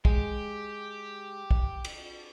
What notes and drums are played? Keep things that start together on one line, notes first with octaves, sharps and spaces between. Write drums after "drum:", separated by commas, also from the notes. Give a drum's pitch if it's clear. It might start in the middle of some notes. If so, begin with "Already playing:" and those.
G#3 G4, drum: kick
drum: kick
drum: cymbal